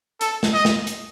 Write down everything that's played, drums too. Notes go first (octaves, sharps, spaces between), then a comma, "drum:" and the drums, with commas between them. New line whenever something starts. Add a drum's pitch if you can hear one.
A4, drum: hi-hat
drum: snare
D#5
drum: snare
drum: hi-hat